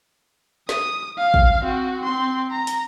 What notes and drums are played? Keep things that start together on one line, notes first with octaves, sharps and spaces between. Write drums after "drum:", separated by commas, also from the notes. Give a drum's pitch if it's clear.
D#6, drum: snare
F5
drum: kick
C4 F#4
C4 C6
A#5
drum: hi-hat